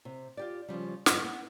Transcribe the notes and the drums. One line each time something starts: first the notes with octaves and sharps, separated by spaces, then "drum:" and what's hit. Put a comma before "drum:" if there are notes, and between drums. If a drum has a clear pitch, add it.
C3
F4 G4 D5
C#3 F3 G3
G2 D3 B3 E4 F4 D#5, drum: snare
B3